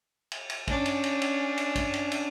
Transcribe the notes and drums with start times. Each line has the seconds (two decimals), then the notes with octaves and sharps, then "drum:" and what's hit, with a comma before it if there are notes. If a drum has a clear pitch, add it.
0.32 drum: cymbal
0.50 drum: cymbal
0.68 C#4 D4, drum: kick, cymbal
0.86 drum: cymbal
1.04 drum: cymbal
1.22 drum: cymbal
1.58 drum: cymbal
1.76 drum: kick, cymbal
1.94 drum: cymbal
2.12 drum: cymbal